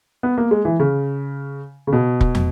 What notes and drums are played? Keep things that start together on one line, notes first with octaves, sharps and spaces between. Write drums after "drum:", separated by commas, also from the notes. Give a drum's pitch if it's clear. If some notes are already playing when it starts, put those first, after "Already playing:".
B3
A#3
G#3
E3
C#3
C#3
B2
drum: kick
drum: tom